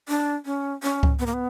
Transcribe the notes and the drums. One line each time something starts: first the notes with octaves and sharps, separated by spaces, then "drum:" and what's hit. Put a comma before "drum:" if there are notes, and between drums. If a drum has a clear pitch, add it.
D4
C#4
C#4
drum: kick C#2
B3
A#3
B3